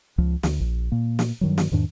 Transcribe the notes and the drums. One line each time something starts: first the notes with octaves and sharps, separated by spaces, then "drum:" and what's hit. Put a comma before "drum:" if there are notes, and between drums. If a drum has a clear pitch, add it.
C#2 F3
D2, drum: snare
A#1
A#2 A#3
drum: snare
G2 D#3 F#3
drum: snare
E2 G#2 D#3 D4